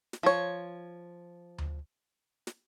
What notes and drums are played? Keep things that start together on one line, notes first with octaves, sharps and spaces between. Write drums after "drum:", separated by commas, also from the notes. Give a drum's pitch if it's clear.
drum: snare
F3 C#5
drum: tom D2
drum: snare